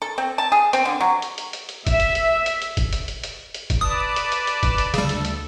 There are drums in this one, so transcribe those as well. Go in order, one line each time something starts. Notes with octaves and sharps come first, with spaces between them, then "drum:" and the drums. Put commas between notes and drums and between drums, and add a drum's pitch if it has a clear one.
A4
C4
A5
G#4
C4, drum: hi-hat
D3
F#3
drum: hi-hat
drum: hi-hat
drum: hi-hat
drum: hi-hat
E5, drum: kick, hi-hat
drum: hi-hat
drum: hi-hat
drum: hi-hat
drum: hi-hat
drum: kick, hi-hat
drum: hi-hat
drum: hi-hat
drum: hi-hat
drum: hi-hat
drum: kick, hi-hat
B4 D5 A5 D#6
drum: hi-hat
drum: hi-hat
drum: hi-hat
drum: kick, hi-hat
drum: hi-hat
D2 C#3 G3 A4, drum: hi-hat
drum: hi-hat
drum: hi-hat